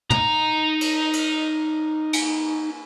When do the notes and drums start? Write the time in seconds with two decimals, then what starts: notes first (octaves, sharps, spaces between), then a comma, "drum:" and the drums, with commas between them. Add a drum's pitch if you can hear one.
0.10 D#4 A#5, drum: tom
0.81 drum: cymbal
1.13 drum: cymbal
2.13 drum: cymbal